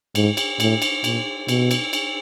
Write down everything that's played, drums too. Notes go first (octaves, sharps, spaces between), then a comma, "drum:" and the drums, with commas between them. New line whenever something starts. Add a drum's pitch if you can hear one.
G#2, drum: cymbal
drum: cymbal
A2, drum: cymbal
drum: cymbal
A#2, drum: cymbal
B2, drum: cymbal
drum: cymbal
drum: cymbal